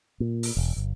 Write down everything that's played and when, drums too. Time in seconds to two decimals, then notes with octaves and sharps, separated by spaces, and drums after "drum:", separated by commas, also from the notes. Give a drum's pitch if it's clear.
0.20 A#2
0.43 drum: open hi-hat
0.57 E1
0.76 G1